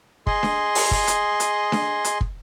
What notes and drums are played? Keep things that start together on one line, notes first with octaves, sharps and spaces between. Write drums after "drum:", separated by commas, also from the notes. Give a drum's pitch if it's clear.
G#4 D#5 C6, drum: kick
drum: snare D4
drum: open hi-hat
drum: kick
drum: hi-hat
drum: hi-hat
drum: snare D4
drum: hi-hat
drum: kick